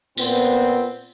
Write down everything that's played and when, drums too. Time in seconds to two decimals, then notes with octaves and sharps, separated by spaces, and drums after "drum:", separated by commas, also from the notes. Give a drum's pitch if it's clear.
0.17 A#2 B3 C4, drum: tambourine